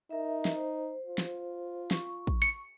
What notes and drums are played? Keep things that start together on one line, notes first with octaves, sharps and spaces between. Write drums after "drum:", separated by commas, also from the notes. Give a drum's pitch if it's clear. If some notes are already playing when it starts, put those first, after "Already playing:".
D#4 A#4 E5
drum: snare
C5
F4
drum: snare
C#6, drum: snare
drum: kick
C#7